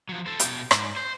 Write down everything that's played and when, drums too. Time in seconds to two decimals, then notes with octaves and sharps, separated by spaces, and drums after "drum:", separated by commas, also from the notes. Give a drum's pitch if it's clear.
0.09 F3 F#3
0.26 A4 C5
0.40 B2 G5, drum: hi-hat
0.71 G#2, drum: rim click
0.97 C5